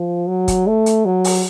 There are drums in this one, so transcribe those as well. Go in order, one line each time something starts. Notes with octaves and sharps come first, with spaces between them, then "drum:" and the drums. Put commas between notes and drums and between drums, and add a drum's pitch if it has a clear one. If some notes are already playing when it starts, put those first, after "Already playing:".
Already playing: F3
F#3
drum: kick, hi-hat
A3
drum: hi-hat
F#3
drum: open hi-hat